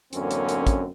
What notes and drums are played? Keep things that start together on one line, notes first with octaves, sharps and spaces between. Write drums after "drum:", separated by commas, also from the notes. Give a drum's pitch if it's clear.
A1 F#2 D3 A#3 C4 C#4, drum: hi-hat
drum: hi-hat
drum: hi-hat
drum: kick, hi-hat